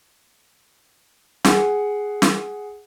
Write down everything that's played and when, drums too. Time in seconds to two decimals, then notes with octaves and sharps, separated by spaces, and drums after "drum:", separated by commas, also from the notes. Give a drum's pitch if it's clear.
1.44 G#4 F#5, drum: snare
2.22 drum: snare